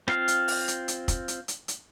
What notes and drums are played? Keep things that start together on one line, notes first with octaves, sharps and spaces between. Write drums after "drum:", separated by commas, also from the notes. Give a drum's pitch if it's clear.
C4 F4 F5, drum: rim click
drum: hi-hat
drum: open hi-hat
drum: hi-hat
drum: hi-hat
drum: kick, hi-hat
drum: hi-hat
drum: hi-hat
drum: hi-hat